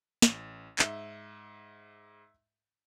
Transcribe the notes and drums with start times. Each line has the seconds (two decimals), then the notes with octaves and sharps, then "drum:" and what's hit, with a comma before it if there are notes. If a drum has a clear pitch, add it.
0.22 A1, drum: snare
0.79 G#2 E5 G7, drum: clap